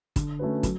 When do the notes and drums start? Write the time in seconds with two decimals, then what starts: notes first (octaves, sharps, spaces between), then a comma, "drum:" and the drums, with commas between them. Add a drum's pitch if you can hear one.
0.16 D3, drum: kick, hi-hat
0.39 A3 C#4 F#4 B4
0.63 F#3, drum: kick, hi-hat